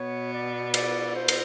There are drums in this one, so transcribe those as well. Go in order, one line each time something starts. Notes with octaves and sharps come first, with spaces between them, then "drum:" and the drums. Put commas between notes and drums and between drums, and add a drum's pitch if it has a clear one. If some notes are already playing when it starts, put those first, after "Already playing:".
Already playing: B2 B3 C#5
D5
D5, drum: cymbal
C5
drum: cymbal